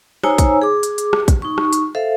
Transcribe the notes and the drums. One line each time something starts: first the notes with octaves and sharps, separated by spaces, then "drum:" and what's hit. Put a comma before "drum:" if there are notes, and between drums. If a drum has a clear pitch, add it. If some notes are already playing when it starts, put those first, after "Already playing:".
D#4 C5 C#5 G#5 A#5 E6, drum: rim click
drum: kick, hi-hat
G#4 D6
drum: hi-hat
drum: hi-hat
drum: rim click
drum: kick, hi-hat
D#4 C#6
drum: rim click
drum: hi-hat
A4 C5 E5 F5